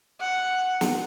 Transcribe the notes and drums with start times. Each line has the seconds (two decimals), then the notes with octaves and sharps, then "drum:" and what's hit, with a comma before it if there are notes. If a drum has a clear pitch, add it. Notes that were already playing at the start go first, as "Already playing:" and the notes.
0.20 F#5
0.81 drum: snare